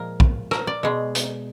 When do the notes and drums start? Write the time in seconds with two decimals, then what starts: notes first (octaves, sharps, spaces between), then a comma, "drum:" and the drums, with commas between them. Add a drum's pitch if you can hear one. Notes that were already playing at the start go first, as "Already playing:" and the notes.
Already playing: A#2 F3 G#3 A#4
0.20 drum: kick
0.51 A#4, drum: rim click
0.67 D5
0.83 B2 G#3
1.15 drum: hi-hat